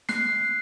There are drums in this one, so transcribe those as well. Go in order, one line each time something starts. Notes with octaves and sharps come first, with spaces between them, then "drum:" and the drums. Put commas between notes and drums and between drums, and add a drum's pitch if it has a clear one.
F#6 C7, drum: snare